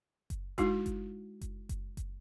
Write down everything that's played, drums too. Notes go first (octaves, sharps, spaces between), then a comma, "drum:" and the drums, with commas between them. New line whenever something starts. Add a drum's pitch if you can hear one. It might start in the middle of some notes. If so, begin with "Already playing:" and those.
drum: kick F#1, hi-hat
G#3 D#4 E4 F#4, drum: kick F#1, hi-hat
drum: kick F#1, hi-hat
drum: kick F#1, hi-hat
drum: kick F#1, hi-hat
drum: kick F#1, hi-hat